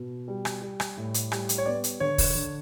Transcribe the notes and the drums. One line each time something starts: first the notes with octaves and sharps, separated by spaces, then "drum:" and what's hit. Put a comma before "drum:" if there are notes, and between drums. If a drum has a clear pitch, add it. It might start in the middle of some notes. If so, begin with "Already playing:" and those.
Already playing: B2
G3
drum: rim click
G3
drum: rim click
A2
drum: hi-hat
G3, drum: rim click
drum: hi-hat
C#5
B3 D5
drum: hi-hat
D3 C#5
drum: kick, open hi-hat
D3